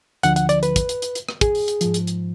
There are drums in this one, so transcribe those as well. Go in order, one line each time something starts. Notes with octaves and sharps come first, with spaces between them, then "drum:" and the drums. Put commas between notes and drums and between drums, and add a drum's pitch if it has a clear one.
D2 D3 F3 F#5, drum: hi-hat
F#5, drum: hi-hat
D5, drum: hi-hat
B4, drum: hi-hat
drum: kick, hi-hat
drum: hi-hat
drum: hi-hat
drum: hi-hat
drum: rim click
G#4, drum: kick, hi-hat
drum: open hi-hat
drum: hi-hat
G#2 F3, drum: hi-hat
drum: hi-hat
drum: hi-hat